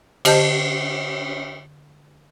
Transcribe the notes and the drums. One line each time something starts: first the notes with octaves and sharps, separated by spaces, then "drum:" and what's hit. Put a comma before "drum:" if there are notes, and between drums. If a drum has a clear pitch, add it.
D3 G4 C5 D#5 A5 G6, drum: cymbal